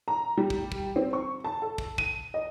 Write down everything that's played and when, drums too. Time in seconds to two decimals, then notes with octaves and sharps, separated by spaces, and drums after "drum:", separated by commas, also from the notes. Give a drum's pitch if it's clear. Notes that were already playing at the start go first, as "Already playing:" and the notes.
0.08 A#5
0.37 G3
0.50 drum: kick
0.72 drum: kick
0.96 C4
1.13 C#6
1.44 A5
1.62 A4
1.78 drum: kick
1.98 D#7, drum: kick
2.34 D#5